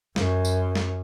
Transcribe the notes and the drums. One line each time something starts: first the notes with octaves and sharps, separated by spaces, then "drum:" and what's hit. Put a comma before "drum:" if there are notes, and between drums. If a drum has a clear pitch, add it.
F#2, drum: snare
drum: tambourine
drum: snare